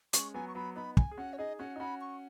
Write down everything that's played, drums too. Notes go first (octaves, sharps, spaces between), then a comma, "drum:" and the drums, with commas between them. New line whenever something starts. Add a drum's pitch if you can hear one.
G#3 C#4 C#6, drum: hi-hat
F#3 B3 G#5
C#6
F#3 B3 B5
B3 D#4 B5
G#5, drum: kick
G#4
C#4 F#4 F#5
C#5
D#4 G#4 D#5
C#4 F#4 F#5
D#4
C#4 F#4 B5
C#6